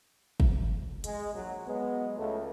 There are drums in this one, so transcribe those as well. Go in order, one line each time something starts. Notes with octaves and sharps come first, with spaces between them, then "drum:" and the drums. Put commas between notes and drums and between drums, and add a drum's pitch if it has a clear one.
drum: kick
G#3, drum: hi-hat
A#1 F#3
F#3 G#3 B3
C#2 A3